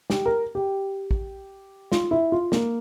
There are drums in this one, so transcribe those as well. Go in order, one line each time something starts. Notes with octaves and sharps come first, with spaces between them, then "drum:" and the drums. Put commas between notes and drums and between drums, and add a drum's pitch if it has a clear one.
G4, drum: snare
A#4
G4
drum: kick
F4, drum: snare
E4
F4
A#3, drum: snare